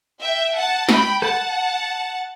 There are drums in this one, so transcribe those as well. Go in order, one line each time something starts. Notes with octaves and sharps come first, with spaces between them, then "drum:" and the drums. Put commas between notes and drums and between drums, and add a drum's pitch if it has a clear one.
E5 G5
F#5 A5
G5 B5, drum: snare
F#5 A5, drum: rim click